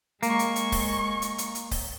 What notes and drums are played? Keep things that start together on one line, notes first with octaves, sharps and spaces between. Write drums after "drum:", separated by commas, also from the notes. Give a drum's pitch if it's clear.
G#3 A#3 C#6, drum: hi-hat
drum: hi-hat
drum: hi-hat
drum: kick C#1, open hi-hat
drum: hi-hat
drum: hi-hat
drum: hi-hat
drum: kick C#1, open hi-hat